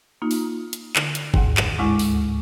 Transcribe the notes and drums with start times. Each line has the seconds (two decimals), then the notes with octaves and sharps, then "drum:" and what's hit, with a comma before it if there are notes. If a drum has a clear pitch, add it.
0.22 A#3 D#4 F4
0.31 drum: open hi-hat
0.73 drum: hi-hat
0.96 D3, drum: clap
1.15 drum: hi-hat
1.34 D#2 G#2 F#5, drum: kick
1.57 drum: clap
1.78 D2 A2 G#3 E4 C#6 D6
1.99 drum: open hi-hat